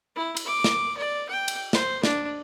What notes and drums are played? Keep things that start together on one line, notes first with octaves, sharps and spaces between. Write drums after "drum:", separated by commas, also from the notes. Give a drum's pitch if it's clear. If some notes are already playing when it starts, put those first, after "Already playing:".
E4
drum: cymbal
D6
drum: snare
D5
G5
drum: cymbal
C5, drum: snare
D4, drum: snare